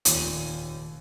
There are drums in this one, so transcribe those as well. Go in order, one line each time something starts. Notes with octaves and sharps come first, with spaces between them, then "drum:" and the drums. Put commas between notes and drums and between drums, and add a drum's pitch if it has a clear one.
F1 D#2 A#2 D#7, drum: hi-hat